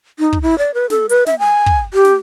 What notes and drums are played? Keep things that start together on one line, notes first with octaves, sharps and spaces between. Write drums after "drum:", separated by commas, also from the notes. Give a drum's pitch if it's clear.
D#4
drum: kick
E4
D5
B4
A4, drum: snare
B4, drum: hi-hat
E5, drum: snare
G#5
drum: kick
G4
drum: snare